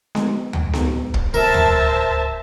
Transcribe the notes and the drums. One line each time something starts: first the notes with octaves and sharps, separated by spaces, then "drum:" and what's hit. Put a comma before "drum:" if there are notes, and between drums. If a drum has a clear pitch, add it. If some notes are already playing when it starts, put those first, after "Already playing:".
G#3, drum: snare B3
drum: tom D2
drum: snare B3
drum: kick
D1 A#4 C5 E5 A5
drum: tom D2